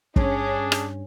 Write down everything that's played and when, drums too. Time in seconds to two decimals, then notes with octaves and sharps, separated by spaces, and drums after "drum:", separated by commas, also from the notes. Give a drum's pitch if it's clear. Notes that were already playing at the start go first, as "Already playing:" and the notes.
0.16 G2 C#4 D4 G#4, drum: kick
0.72 drum: rim click